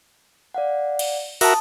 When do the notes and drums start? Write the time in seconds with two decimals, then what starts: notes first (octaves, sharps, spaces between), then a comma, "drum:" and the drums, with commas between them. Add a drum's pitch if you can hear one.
0.54 D5 F5 F#5
0.99 drum: cymbal
1.41 F#4 A#4 E5 A5 D#6, drum: open hi-hat